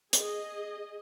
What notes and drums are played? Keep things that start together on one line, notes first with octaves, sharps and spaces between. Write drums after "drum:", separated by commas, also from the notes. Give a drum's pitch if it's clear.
G#4 D#5, drum: hi-hat